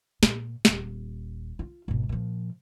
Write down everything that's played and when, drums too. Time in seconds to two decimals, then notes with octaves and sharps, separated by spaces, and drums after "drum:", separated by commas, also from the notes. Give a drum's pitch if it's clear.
0.23 A#2, drum: snare
0.65 D#1, drum: snare
1.59 F4
1.88 G#1 B2
2.09 A#2 F3